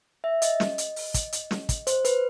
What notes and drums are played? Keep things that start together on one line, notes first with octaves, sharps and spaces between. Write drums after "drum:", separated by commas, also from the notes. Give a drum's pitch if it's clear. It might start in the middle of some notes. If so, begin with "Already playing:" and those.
E5
D#5, drum: hi-hat
drum: snare
drum: hi-hat
drum: open hi-hat
drum: kick, hi-hat
drum: hi-hat
drum: snare
drum: kick, hi-hat
C5, drum: hi-hat
B4, drum: hi-hat